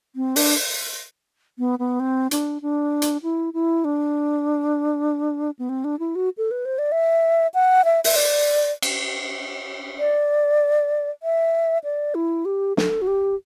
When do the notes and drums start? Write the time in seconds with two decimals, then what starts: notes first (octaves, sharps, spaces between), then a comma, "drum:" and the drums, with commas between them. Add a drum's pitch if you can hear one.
0.16 C4
0.36 D4, drum: open hi-hat
1.59 B3
1.79 B3
2.00 C4
2.31 D4, drum: hi-hat
2.62 D4
3.02 drum: hi-hat
3.23 E4
3.54 E4
3.85 D4
5.59 B3
5.69 C4
5.84 D4
5.99 E4
6.15 F#4
6.37 A4
6.51 B4
6.65 C5
6.79 D5
6.92 E5
7.54 F#5
7.85 E5
8.04 E5, drum: open hi-hat
8.16 D5
8.82 drum: cymbal
9.99 D5
11.23 E5
11.84 D5
12.15 E4
12.45 G4
12.77 A4, drum: snare
13.02 F#4
13.07 G4